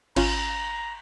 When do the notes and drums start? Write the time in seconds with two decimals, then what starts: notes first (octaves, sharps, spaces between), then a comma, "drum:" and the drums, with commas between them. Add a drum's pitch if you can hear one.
0.16 G#1 C#4 F4 A#5, drum: cymbal